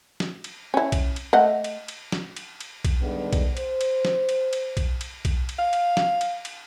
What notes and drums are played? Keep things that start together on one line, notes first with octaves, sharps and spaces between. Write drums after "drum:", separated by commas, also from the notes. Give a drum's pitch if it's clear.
drum: snare
drum: cymbal
C#4 E4
drum: kick B1, cymbal
drum: cymbal
A3 D#5 F#5
drum: cymbal
drum: cymbal
drum: snare
drum: cymbal
drum: cymbal
drum: kick B1, cymbal
G2 D3 D#3 G3 G#3 B3
drum: kick B1, cymbal
C5, drum: cymbal
drum: cymbal
drum: snare
drum: cymbal
drum: cymbal
drum: kick B1, cymbal
drum: cymbal
drum: kick B1, cymbal
drum: cymbal
F5
drum: cymbal
drum: snare
drum: cymbal
drum: cymbal